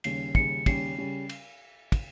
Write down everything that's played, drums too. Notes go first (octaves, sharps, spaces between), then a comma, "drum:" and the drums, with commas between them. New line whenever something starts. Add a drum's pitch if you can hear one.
D#2 C#3 G3 C#4 C7, drum: cymbal
D#2 C#3 G3 C#4 C#7, drum: kick
D#2 C#3 G3 C#4 C7, drum: kick, cymbal
C#3 G3 C#4
drum: cymbal
drum: kick, cymbal